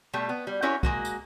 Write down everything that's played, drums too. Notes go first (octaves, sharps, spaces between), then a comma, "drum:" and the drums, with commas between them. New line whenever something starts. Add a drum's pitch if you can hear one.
B2 G3 A3 G4
B3
G3
C#4 E4 F#4 G4 A#4 C#5
G#3 A#3 F#4, drum: kick
drum: tambourine